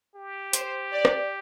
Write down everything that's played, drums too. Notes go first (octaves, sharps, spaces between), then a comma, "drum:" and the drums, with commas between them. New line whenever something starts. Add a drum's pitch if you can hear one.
G4
C5, drum: hi-hat
D5
drum: rim click